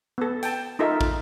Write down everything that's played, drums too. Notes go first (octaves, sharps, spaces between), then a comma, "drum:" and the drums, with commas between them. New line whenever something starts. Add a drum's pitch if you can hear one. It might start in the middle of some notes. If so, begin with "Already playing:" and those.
B3 A4
G5 A5, drum: hi-hat
D#4 F4 A4 A#4 E5
drum: kick